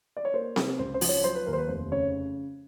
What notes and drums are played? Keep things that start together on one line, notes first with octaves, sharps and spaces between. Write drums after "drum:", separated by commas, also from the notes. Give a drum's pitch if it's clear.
D5
C#5
A#3 C5
C3, drum: snare C4
C#2 C5
C5
F3, drum: open hi-hat
C#5
F#3 C5
B4
D#2 A#4
C5
B4
F1 C5
C#3 C#5